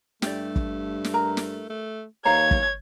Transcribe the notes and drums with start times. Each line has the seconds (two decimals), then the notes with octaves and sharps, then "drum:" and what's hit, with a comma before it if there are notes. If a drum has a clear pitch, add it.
0.22 G2 A3 G4 D5, drum: snare
0.56 drum: kick
1.04 drum: snare
1.14 A#4 A#5
1.37 drum: snare
1.70 A3
2.25 D#2 C5 C#5 F5 A#5 G#6
2.51 drum: kick